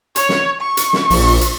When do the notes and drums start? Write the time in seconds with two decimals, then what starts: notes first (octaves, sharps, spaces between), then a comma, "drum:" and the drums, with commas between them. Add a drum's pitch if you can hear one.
0.16 C#5, drum: hi-hat
0.29 drum: snare
0.61 C#6
0.77 drum: hi-hat
0.93 drum: snare
1.10 A#1, drum: open hi-hat
1.41 drum: hi-hat